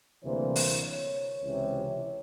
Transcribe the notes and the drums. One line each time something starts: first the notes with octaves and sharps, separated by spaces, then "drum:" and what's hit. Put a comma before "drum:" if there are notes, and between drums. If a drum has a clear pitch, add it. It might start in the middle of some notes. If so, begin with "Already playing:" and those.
D2 C3 E3 G3 A#3 C5
drum: open hi-hat
C#5
C#2 C3 E3